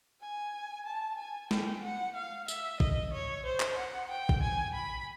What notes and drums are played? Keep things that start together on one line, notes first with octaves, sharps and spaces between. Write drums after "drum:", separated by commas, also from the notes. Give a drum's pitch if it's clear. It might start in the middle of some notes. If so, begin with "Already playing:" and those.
G#5
A5
G#5
G5, drum: snare
F#5
F5
E5, drum: tambourine
D#5, drum: kick A1
C#5
C5
drum: clap
F#5
G5
drum: kick A1
G#5
B5